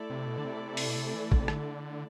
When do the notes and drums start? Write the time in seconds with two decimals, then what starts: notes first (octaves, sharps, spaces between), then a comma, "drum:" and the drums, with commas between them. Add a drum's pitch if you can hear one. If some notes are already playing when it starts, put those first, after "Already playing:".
Already playing: A3 E4 A4 D5
0.10 C3
0.27 B2
0.38 D3
0.45 C3
0.77 drum: open hi-hat
0.87 B2
0.96 C3
1.14 E3
1.32 D3, drum: kick
1.40 C3
1.48 D3, drum: rim click